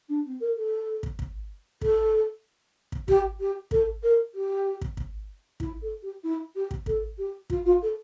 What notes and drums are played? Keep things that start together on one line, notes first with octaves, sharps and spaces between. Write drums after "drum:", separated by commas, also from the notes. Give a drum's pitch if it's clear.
D4
C4
A#4
A4
drum: kick
drum: kick
A4, drum: kick
drum: kick
G4, drum: kick
G4
A4, drum: kick
A#4
G4
drum: kick
drum: kick
E4, drum: kick
A4
G4
E4
G4
drum: kick
A4, drum: kick
G4
F4, drum: kick
F4
A4